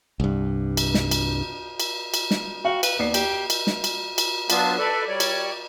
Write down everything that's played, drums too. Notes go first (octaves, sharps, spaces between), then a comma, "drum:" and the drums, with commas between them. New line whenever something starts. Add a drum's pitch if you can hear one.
C2 G2
drum: cymbal
drum: snare
drum: cymbal
drum: cymbal
drum: cymbal
drum: snare
F#4 F5 G5
B4, drum: cymbal
D#2 B3 D5 C7
G4, drum: cymbal
D7
drum: cymbal
drum: snare
drum: cymbal
drum: cymbal
F#3 B3 D4 F4, drum: cymbal
A4 B4 D5
G3 C#5 D5
drum: cymbal